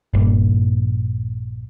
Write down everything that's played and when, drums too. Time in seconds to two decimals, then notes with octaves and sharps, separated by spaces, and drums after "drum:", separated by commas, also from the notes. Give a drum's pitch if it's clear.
0.14 A#1 G2 A#3, drum: kick F1